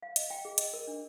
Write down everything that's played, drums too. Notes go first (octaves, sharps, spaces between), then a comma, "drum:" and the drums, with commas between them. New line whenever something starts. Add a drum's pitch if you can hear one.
F5
D#5, drum: hi-hat
G5
G#4
D#5, drum: hi-hat
A#4
D4